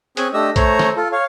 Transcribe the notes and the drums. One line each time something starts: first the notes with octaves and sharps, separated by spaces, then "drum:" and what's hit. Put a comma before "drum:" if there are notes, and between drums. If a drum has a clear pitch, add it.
C4 C#4 G#4 G#5 F#6, drum: hi-hat
A3 D4 G4 D#5 E6
A3 C5 C#5 A#5, drum: kick B1, hi-hat
drum: snare
F4 A4
C#5 F5